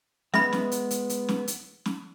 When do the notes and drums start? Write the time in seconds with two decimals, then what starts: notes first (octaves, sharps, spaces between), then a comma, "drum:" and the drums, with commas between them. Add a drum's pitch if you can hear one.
0.34 G#3 B3 E5 B5, drum: snare
0.53 drum: snare
0.72 drum: hi-hat
0.91 drum: hi-hat
1.10 drum: hi-hat
1.29 drum: snare
1.48 drum: hi-hat
1.86 drum: snare